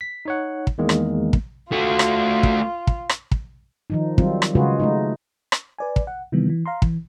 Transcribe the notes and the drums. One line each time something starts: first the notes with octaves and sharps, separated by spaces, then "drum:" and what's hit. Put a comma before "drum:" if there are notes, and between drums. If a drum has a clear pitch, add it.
B6
D#4 C#5 F#5
drum: kick
E2 D#3 G#3 A#3
drum: rim click
drum: kick
A3 F4 F#4
drum: rim click
drum: kick
drum: kick
drum: rim click
drum: kick
D#3 F3 D#4
D#3 F#3 G3 C4 F4, drum: kick
drum: rim click
C#3 G#3 F4 F#4 G#4 B4
G#3 A3 D#4
drum: rim click
B4 D5 G#5
drum: kick
F#5
C3 D#3 E3 G3 B3
E3
F5 A#5 C6
E3, drum: kick